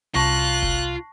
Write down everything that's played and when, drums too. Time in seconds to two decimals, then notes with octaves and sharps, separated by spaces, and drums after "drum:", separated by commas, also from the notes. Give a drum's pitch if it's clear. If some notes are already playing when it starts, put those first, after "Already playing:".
0.15 C2 F4 A5 C#6 F#6 A#6
0.63 drum: kick